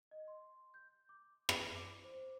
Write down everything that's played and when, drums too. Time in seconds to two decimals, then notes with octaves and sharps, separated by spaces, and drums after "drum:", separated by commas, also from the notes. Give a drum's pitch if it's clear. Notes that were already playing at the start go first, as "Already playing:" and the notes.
0.11 D#5
0.28 C6
0.74 G6
1.09 D6
1.49 D7, drum: rim click
1.75 D6
2.04 C5